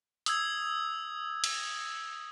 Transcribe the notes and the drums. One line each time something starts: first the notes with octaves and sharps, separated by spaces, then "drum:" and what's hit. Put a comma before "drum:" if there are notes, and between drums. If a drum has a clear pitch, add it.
D#6 E6 G#6, drum: hi-hat
drum: cymbal